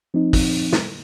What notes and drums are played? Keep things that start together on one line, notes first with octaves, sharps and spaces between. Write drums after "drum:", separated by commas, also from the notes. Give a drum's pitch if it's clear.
F3 C4 D#4
drum: kick, open hi-hat
drum: snare